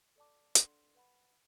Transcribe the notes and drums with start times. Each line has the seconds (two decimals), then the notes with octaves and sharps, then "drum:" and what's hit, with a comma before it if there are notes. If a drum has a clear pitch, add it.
0.16 A4 D5 A5 D6
0.55 D4 A4 D5 F#5 C6, drum: hi-hat
0.95 B4 F#5 B5